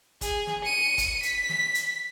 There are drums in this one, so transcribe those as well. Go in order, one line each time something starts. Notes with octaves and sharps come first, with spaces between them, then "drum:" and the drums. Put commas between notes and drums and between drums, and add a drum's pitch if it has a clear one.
G#4, drum: kick, hi-hat
drum: snare
C#7 D#7
drum: kick, hi-hat
B6, drum: hi-hat
drum: snare
drum: hi-hat